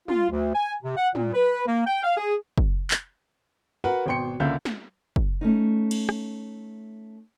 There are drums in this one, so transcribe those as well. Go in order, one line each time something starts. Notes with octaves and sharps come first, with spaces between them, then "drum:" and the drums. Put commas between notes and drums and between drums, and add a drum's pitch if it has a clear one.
F4, drum: tom
D2
G#5
C3
F#5
A#2, drum: tom
B4
A#3
G5
F5
G#4
drum: kick
drum: clap
F#4 A#4 B4 F#5
G#1 B2 G5 C6 C#7
C#2 D3 A#3 E5 F5 G6
drum: snare
drum: kick
A3 C#4 D#4
drum: cymbal
drum: rim click